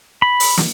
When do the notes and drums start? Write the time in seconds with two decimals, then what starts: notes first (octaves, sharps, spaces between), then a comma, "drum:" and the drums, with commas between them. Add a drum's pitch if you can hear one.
0.22 B5
0.40 drum: open hi-hat
0.57 drum: snare